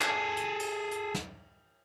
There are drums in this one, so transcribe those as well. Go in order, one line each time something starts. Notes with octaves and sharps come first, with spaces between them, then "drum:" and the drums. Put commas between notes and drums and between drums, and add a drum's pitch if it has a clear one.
G#4 A4, drum: clap
drum: hi-hat
drum: cymbal
drum: hi-hat
drum: snare